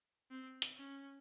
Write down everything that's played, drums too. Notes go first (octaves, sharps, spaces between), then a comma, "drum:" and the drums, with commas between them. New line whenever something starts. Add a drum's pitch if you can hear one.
C4
drum: hi-hat
C#4